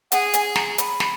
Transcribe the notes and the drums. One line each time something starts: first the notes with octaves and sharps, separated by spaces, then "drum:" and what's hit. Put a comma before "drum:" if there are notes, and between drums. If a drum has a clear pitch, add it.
G#4 F#5, drum: hi-hat
G#5, drum: hi-hat
A#5, drum: snare
B5, drum: hi-hat
drum: snare